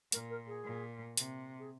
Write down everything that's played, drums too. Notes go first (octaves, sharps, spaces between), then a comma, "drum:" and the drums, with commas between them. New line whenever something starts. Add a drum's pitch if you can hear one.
A#2 A#4, drum: hi-hat
A#4
G#4
A#2
C3, drum: hi-hat
G#4